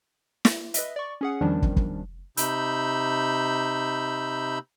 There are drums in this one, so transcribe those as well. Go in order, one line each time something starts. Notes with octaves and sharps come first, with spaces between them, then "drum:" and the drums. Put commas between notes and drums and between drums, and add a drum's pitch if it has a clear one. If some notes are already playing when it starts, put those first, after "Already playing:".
drum: snare
B4 D#5 E5, drum: hi-hat
D5 C#6
C#4 G#4 F#5
E2 D#3 F3 G3 C#4 D4
drum: kick
drum: kick
C3 D#4 B5 E6 G6, drum: hi-hat